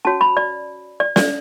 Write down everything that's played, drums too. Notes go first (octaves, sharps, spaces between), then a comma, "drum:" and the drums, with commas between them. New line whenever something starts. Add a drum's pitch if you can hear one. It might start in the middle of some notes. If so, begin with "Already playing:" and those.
C#4 F#4 C#5 A5
B5
D5
D5
D5, drum: snare